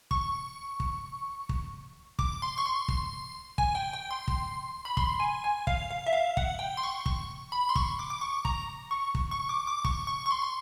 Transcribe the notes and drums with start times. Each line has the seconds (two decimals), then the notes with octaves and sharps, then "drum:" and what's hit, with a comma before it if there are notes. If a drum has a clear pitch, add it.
0.11 C#6, drum: kick
0.80 drum: kick
1.49 drum: kick
2.19 D6, drum: kick
2.42 C6
2.58 C#6
2.66 C6
2.88 drum: kick
3.58 G#5, drum: kick
3.75 G5
3.93 G5
4.11 C6
4.28 drum: kick
4.85 B5
4.97 C6, drum: kick
5.20 G#5
5.44 G#5
5.67 F5, drum: kick
5.91 F5
6.06 E5
6.13 F5
6.37 F#5, drum: kick
6.59 G5
6.77 C6
6.83 C#6
7.06 C#6, drum: kick
7.52 B5
7.69 C6
7.75 C#6, drum: kick
7.99 D6
8.10 D6
8.21 C#6
8.45 A#5, drum: kick
8.91 C#6
9.15 drum: kick
9.31 C#6
9.49 D6
9.67 D6
9.84 C#6, drum: kick
10.07 C#6
10.26 C#6
10.31 C6
10.42 C6